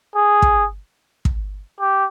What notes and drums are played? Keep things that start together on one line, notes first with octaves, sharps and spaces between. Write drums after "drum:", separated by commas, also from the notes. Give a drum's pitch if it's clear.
G#4
drum: kick
drum: kick
G4